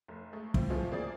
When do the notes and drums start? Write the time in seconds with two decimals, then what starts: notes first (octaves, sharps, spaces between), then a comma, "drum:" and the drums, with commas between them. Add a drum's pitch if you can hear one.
0.08 F1
0.33 G#3 A3
0.54 A2 C4 F4, drum: kick
0.70 E3 F3 G#3 A3 C4 F4
0.92 A#3 C4 G#4 D5